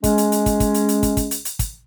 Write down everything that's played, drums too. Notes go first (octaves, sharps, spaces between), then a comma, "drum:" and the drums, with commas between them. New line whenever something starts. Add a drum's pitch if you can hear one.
G#3 C#4, drum: kick, hi-hat
drum: hi-hat
drum: hi-hat
drum: kick, hi-hat
drum: kick, hi-hat
drum: hi-hat
drum: hi-hat
drum: kick, hi-hat
drum: kick, hi-hat
drum: hi-hat
drum: hi-hat
drum: kick, hi-hat